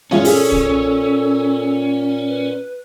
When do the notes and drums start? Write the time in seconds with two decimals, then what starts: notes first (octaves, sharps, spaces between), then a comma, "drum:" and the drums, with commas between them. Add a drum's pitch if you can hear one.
0.11 A#2 G#3 C#4 F4, drum: snare A#3
0.25 G#4 A4, drum: open hi-hat
0.52 drum: kick
2.28 B4